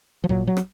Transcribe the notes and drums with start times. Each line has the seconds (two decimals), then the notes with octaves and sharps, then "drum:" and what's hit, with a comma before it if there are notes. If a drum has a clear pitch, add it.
0.24 F3
0.29 A#2 F#3, drum: kick G1
0.47 F#3
0.57 drum: rim click